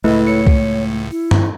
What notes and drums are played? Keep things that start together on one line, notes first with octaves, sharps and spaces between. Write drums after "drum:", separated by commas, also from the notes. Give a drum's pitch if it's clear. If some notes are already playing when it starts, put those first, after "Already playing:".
C#2 A2 A3 E4 A4 B4 D#5
C#5 C#7
drum: kick C2
E4
drum: tom G2